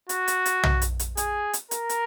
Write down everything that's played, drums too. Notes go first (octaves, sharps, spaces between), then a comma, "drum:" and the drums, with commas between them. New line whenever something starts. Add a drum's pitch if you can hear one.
F#4, drum: hi-hat
drum: hi-hat
drum: hi-hat
drum: tom B1
drum: hi-hat
drum: hi-hat
G#4, drum: hi-hat
drum: hi-hat
A#4, drum: hi-hat
drum: hi-hat